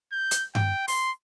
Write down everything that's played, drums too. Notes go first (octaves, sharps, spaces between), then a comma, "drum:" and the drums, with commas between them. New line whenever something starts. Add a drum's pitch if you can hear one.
G6
drum: hi-hat
G5, drum: tom G2
C6, drum: open hi-hat